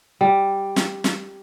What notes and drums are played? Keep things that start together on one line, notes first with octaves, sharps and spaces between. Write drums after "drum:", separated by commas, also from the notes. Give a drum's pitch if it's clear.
G3
drum: snare
drum: snare